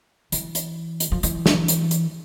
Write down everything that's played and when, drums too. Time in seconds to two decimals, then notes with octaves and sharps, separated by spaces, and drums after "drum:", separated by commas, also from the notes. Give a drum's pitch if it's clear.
0.32 E3, drum: hi-hat
0.55 drum: hi-hat
1.00 drum: hi-hat
1.12 F3
1.23 E3, drum: hi-hat
1.46 drum: snare
1.68 drum: hi-hat
1.91 drum: hi-hat